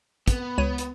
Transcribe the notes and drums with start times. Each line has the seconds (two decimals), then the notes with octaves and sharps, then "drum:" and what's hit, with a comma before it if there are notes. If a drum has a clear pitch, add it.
0.28 B3, drum: kick, hi-hat
0.58 C#2 C#5 D#7
0.78 drum: hi-hat